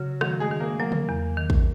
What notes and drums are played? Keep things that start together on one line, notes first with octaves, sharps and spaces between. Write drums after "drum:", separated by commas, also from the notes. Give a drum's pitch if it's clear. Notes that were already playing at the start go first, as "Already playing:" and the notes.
Already playing: C#3 F#3 F#4
D#3 F#3 F#4, drum: rim click
G#3 G#4
D#3
A#3 A#4
F#3 A#3 A#4
drum: tom
E2
D#3
drum: kick